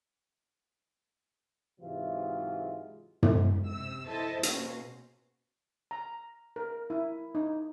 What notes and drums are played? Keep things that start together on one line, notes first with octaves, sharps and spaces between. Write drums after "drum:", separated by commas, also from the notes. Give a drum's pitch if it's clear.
G#2 C3 E3 F#3 G#3 F4
C#2 G#2, drum: tom
C3 E6
E4 A4 C5 D#5 A5
C#2 B2 A#3 C#4 F#4 C5, drum: hi-hat
A#5
A#4
E4
D#4